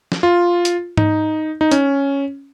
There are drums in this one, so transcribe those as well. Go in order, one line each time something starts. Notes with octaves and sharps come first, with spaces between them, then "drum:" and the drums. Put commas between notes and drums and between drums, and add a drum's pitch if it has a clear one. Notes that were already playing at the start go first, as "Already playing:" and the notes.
drum: snare
F4
drum: hi-hat
D#4, drum: tom G#2
D#4
C#4, drum: hi-hat